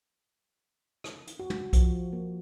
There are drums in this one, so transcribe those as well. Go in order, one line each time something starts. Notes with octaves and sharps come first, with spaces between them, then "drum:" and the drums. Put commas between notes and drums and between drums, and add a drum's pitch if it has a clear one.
drum: rim click
drum: hi-hat
F#4
drum: tom
F3, drum: kick B1, hi-hat
A#3